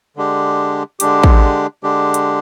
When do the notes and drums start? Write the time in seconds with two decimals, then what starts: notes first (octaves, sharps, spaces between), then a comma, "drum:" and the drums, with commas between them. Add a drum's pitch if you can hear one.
0.16 D3 G#3 D4 G4
1.00 D3 G#3 D4 G4, drum: hi-hat
1.24 drum: kick A1
1.83 D3 G#3 D4 G4
2.14 drum: hi-hat